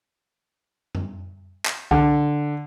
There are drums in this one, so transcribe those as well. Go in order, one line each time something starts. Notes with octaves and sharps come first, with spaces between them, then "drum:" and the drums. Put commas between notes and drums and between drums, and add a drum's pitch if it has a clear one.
drum: tom
drum: clap
D3, drum: kick C2